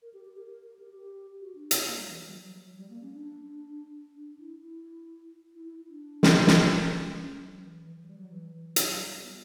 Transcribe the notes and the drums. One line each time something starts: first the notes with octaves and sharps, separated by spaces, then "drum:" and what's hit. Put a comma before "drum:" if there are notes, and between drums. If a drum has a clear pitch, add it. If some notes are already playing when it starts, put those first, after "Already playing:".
A#4
G4
G4
A#4
A#4
A#4
G4
G4
F#4
D4
B3, drum: hi-hat
A#3
G3
E3
G3
F#3
F#3
F#3
F#3
G3
A#3
C#4
D4
D4
E4
E4
E4
E4
D4
drum: snare
drum: snare
C#4
C#4
F#3
E3
E3
E3
F#3
G3
F#3
E3
E3
F#3, drum: hi-hat
G3
B3